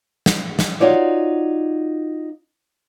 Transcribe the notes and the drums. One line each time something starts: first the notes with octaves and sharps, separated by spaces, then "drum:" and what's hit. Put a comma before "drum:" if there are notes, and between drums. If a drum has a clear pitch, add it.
drum: snare
drum: snare
D#4 F4 F#4 C#5 D5